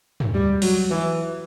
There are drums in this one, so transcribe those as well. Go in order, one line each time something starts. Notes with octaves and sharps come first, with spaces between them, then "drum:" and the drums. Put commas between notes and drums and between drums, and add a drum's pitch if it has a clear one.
drum: tom
G3
F#3, drum: open hi-hat
E3